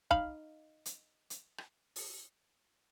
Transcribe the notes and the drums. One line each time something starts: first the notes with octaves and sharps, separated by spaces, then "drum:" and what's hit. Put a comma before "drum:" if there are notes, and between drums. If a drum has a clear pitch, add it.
D#4 F5 B5, drum: kick
drum: hi-hat
drum: hi-hat
drum: rim click
drum: open hi-hat